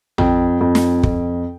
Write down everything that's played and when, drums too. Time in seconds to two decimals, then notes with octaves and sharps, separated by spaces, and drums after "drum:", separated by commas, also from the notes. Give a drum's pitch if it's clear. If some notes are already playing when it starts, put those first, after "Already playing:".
0.18 F2 G5, drum: tom A1
0.61 F2
0.75 drum: snare
1.03 F2, drum: kick